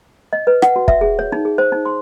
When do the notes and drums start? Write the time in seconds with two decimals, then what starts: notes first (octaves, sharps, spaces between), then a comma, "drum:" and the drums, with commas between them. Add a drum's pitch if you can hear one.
0.33 D#5
0.47 B4
0.62 F#5, drum: rim click
0.76 F#4
0.88 E5, drum: kick
1.01 G#4
1.19 C#5
1.32 D#4
1.45 G#4
1.58 C5
1.72 D#4
1.85 C6